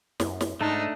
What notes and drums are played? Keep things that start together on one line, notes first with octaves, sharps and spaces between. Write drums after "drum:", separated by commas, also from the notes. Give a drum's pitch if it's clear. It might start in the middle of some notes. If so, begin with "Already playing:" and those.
F#2, drum: snare
drum: snare
G#2 A3 D4 D#4 A5